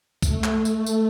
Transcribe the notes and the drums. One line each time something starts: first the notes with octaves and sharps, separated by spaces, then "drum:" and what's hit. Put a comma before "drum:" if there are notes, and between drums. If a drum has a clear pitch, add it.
A3, drum: kick, tambourine
drum: clap
drum: tambourine
drum: tambourine